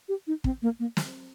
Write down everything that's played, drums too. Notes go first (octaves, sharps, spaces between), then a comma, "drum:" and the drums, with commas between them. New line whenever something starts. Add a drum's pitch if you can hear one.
G4
D#4
C4, drum: kick
A#3
A#3
drum: snare